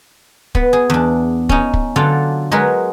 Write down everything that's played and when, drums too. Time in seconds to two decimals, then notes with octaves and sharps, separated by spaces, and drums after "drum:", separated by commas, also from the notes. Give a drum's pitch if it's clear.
0.55 B3, drum: kick
0.73 G#4
0.90 E2 D4
1.49 C#4 D#4, drum: kick
1.74 drum: kick
1.96 D3 F#3 F4 A4 D5
2.51 F#3 G#3 G#4 A#4 B4